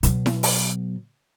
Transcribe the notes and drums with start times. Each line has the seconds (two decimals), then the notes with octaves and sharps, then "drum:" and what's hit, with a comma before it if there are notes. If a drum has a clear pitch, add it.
0.03 B2 F#3, drum: hi-hat
0.26 drum: snare E4
0.43 drum: open hi-hat